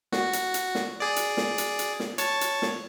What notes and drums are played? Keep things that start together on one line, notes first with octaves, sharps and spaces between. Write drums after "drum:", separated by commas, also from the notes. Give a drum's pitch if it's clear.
F#4, drum: snare
drum: hi-hat
drum: hi-hat
drum: snare
G#4 D5
drum: hi-hat
drum: snare
drum: hi-hat
drum: hi-hat
drum: snare
C#5 A5, drum: hi-hat
drum: hi-hat
drum: snare